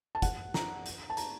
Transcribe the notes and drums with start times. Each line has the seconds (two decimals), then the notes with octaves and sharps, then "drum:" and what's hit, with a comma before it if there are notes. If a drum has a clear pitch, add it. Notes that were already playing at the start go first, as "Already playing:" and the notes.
0.15 A5
0.22 F#5, drum: kick, hi-hat
0.54 A#5, drum: snare
0.86 drum: hi-hat
1.10 A5
1.17 A#5, drum: hi-hat